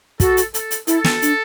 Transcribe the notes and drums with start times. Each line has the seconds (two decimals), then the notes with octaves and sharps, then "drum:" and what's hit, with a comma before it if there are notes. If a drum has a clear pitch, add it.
0.20 F#4 A4, drum: kick, hi-hat
0.37 drum: hi-hat
0.54 A4, drum: hi-hat
0.71 drum: hi-hat
0.87 E4 A4, drum: hi-hat
1.04 drum: snare
1.22 D4, drum: hi-hat